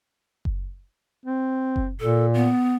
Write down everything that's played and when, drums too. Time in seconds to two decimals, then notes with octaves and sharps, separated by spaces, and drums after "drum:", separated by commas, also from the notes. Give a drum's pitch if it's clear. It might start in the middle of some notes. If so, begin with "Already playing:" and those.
0.45 drum: kick F#1
1.25 C4
1.76 drum: kick F#1
2.00 A#2 A4
2.34 B3